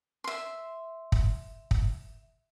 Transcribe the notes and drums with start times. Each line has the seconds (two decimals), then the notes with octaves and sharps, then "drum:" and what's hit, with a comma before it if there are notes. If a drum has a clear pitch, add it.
0.24 E5 C6
1.12 drum: kick
1.71 drum: kick